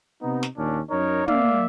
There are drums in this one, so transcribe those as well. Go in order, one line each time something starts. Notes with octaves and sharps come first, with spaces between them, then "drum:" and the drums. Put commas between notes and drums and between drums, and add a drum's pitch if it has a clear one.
C3 B3 D#4
drum: snare
D#2 A#2 C#4 D4
F#2 D#4 A#4 C#5
A#3 D5 E5 F5, drum: tom